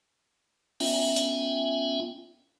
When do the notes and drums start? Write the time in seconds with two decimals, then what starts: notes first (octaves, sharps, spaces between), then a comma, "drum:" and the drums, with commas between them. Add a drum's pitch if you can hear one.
0.80 B3 C#4 F4 E5 G5 G#5, drum: open hi-hat
1.16 drum: hi-hat